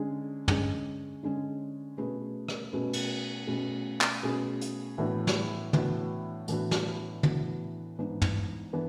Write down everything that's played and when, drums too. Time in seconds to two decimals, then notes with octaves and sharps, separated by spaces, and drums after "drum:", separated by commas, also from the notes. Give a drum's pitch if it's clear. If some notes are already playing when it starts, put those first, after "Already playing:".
Already playing: D3 G#3 C#4 G#4
0.48 D3 G#3 C#4 G#4, drum: tom
1.23 D3 G#3 C#4 G#4
1.97 B2 A3 C#4 G#4 B4
2.49 drum: rim click
2.73 B2 A3 C#4 G#4 B4
2.93 drum: cymbal
3.47 B2 A3 C#4 G#4 B4
4.01 drum: clap
4.23 B2 A3 C#4 G#4 B4
4.61 drum: hi-hat
4.98 A2 E3 B3 D4 F#4
5.27 drum: snare
5.73 A2 E3 B3 D4 F#4, drum: tom
6.48 A2 E3 B3 D4 F#4, drum: hi-hat
6.71 drum: snare
7.23 A2 E3 B3 D4 F#4, drum: tom
7.99 G#2 E3 B3 D4
8.22 drum: tom
8.73 E3 B3 D4